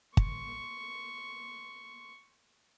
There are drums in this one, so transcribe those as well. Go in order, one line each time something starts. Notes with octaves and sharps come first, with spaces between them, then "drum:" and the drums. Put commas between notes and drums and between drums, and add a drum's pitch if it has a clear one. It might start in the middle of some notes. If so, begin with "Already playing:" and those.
C6 C#6, drum: kick